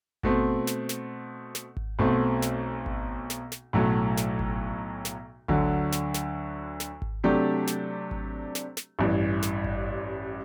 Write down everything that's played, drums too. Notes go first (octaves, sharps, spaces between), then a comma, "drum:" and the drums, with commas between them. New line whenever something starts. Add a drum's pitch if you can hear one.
B2 A3 C4, drum: kick G#1
drum: snare
drum: snare
drum: snare
drum: kick G#1
B1 B2 A3 C4
drum: snare
drum: kick G#1
drum: snare
drum: snare
B1 A2 F#3 A3
drum: snare
drum: kick G#1
drum: snare
D2 D3 F#3, drum: kick G#1
drum: snare
drum: snare
drum: snare
drum: kick G#1
C3 F#3 A3 D4 G4
drum: snare
drum: kick G#1
drum: snare
drum: snare
A1 G2 E3
drum: snare
drum: kick G#1